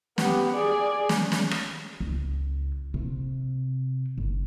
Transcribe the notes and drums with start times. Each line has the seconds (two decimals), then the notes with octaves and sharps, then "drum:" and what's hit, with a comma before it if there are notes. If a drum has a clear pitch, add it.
0.18 B3 G4, drum: snare
0.55 G#4 D5
1.09 drum: snare
1.32 drum: snare
1.51 drum: rim click
2.00 C#2
2.94 C3
4.18 G1